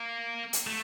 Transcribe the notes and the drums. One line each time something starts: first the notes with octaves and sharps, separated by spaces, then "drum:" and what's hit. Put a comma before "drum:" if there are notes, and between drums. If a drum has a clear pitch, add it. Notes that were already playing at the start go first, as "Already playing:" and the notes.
Already playing: A#3
drum: hi-hat
A3